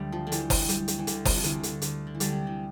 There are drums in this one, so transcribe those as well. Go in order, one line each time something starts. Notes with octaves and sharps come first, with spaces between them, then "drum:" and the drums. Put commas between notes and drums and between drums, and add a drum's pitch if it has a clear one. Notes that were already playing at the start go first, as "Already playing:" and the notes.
Already playing: D2 G3
F3
D3
E3 G3, drum: hi-hat
drum: kick F#1, open hi-hat
G3, drum: hi-hat
drum: hi-hat
E3
D2 D3, drum: hi-hat
C3, drum: kick F#1, open hi-hat
F3
D2 E3, drum: hi-hat
D3, drum: hi-hat
D2, drum: hi-hat
D3
E3
D3 G3, drum: hi-hat
C3
E3